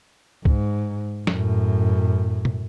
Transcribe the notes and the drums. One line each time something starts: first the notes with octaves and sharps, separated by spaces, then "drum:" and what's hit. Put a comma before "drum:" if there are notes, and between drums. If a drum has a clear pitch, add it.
G#2, drum: kick C2
F#2 A2, drum: snare
drum: tom